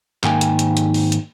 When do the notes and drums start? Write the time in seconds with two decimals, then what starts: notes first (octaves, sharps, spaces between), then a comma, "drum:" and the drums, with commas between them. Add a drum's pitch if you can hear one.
0.24 G#2 D#3 A#3 D#4 G5 G#5, drum: clap
0.41 drum: hi-hat
0.59 drum: hi-hat
0.77 drum: hi-hat
0.94 drum: open hi-hat
1.12 drum: hi-hat